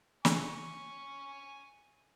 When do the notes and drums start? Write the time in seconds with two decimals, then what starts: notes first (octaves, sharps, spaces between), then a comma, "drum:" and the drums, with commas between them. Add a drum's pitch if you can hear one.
0.25 G#5 C#6, drum: snare